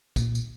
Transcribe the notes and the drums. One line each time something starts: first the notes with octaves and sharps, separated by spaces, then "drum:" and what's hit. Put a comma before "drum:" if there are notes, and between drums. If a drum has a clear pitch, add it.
A#2, drum: kick, tambourine
drum: tambourine